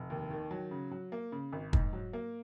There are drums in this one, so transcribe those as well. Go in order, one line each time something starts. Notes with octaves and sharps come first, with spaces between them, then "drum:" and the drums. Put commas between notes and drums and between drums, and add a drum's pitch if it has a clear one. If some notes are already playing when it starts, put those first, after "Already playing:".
Already playing: F1
D#2
D#3
F#3
C#3
F#3
A#3
C#3
G#1
G#2, drum: kick
F#3
A#3